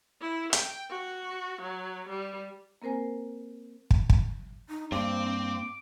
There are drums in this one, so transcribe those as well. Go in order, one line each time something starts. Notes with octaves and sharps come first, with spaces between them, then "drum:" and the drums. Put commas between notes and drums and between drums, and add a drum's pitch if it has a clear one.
E4
G5, drum: hi-hat
F#4
F#3
G3
A#3 C4 A#4 C5 G#5
drum: kick
drum: kick
D#4
G2 A#3 C4 C5 D6